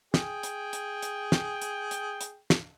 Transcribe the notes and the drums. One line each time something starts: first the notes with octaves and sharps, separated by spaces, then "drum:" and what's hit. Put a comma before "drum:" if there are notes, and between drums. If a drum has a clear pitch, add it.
G#4 G5, drum: snare
drum: hi-hat
drum: hi-hat
drum: hi-hat
drum: snare
drum: hi-hat
drum: hi-hat
drum: hi-hat
drum: snare